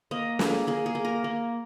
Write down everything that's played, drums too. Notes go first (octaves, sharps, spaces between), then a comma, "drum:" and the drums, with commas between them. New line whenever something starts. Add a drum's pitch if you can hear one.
A#3 D#5
A#3 G#4, drum: snare
A#3 G#4
G#4
A#3
A#4
A#3